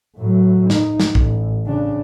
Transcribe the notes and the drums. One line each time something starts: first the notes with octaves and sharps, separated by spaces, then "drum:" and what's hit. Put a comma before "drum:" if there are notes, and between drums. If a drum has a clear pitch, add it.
A2 F#3
D#4, drum: snare
drum: snare
A1, drum: kick
C#3 D4